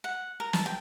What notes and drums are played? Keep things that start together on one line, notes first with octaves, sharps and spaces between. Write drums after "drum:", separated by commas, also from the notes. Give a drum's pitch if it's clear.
F#5
A#4
A5, drum: snare
G5